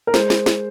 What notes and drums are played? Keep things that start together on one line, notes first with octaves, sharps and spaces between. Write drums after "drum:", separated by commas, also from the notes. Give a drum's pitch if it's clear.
A#4
G#3 C5, drum: snare
drum: snare
drum: snare